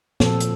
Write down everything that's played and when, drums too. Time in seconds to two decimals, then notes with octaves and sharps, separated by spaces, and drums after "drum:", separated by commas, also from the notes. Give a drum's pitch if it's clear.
0.20 A#2 F3 C4 A4, drum: snare
0.40 drum: hi-hat